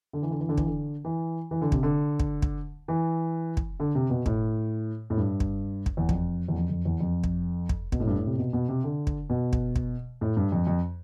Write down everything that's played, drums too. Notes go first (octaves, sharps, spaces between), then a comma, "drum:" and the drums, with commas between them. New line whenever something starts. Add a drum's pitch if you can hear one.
D3
E3
D3
E3
D3
E3, drum: kick
D3
E3
E3
D3
C3, drum: kick
D3
drum: kick
drum: kick
E3
drum: kick
D3
C3
B2
A2, drum: kick
A2
G2
drum: kick
drum: kick
E2
F2, drum: kick
E2
F2
F2
E2
F2
drum: kick
drum: kick
B2, drum: kick
A2
G2
A2
C3
B2
B2
C3
D3
drum: kick
B2
drum: kick
drum: kick
A2
G2
F2
F2